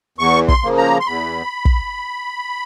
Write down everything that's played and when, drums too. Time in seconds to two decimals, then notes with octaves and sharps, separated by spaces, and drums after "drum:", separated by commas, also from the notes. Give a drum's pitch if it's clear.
0.18 E2 C#6
0.48 C6, drum: kick
0.63 C#3 F3 A#3
0.77 A#5
1.00 C6
1.07 E2 B5
1.65 drum: kick